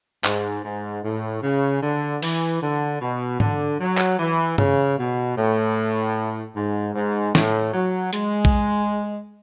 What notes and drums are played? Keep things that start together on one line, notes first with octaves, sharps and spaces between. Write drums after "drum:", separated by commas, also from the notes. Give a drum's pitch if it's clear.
G#2, drum: clap
G#2
A2
C#3
D3
E3, drum: open hi-hat
D3
B2
D3, drum: tom G#2
F#3
drum: clap
E3
C#3, drum: tom G2
B2
A2
G#2
G#2
A2, drum: snare
F#3
G#3, drum: hi-hat
drum: kick